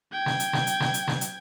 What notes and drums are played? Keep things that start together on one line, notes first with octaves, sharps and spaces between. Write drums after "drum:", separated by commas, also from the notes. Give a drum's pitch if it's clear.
G5 G#6
drum: snare
drum: hi-hat
drum: snare
drum: hi-hat
drum: snare
drum: hi-hat
drum: snare
drum: hi-hat